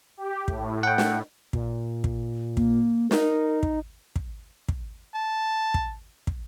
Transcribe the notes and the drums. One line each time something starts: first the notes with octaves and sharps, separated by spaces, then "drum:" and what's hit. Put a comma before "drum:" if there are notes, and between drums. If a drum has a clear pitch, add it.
G4
A2, drum: kick
F#5 G5
drum: snare
A#2, drum: kick
drum: kick
A#3, drum: kick
D#4 A#4, drum: snare
drum: kick
drum: kick
drum: kick
A5
drum: kick
drum: kick